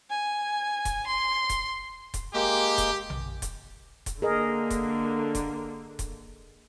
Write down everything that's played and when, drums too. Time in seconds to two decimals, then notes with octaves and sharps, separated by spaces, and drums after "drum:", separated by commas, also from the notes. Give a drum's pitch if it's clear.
0.10 G#5
0.85 drum: kick D#1, hi-hat
1.07 C6
1.49 drum: kick D#1, hi-hat
2.14 drum: kick D#1, hi-hat
2.34 G#3 A#3 G4
2.78 drum: kick D#1, hi-hat
3.10 drum: tom A#1
3.42 drum: kick D#1, hi-hat
4.06 drum: kick D#1, hi-hat
4.22 D3 A#3 G#4 A#4 D#5
4.70 drum: kick D#1, hi-hat
5.35 drum: kick D#1, hi-hat
5.99 drum: kick D#1, hi-hat